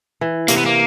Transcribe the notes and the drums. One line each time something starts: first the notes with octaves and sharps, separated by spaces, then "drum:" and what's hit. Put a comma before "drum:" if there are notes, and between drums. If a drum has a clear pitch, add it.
E3
C3 A#3, drum: hi-hat
B3
A#3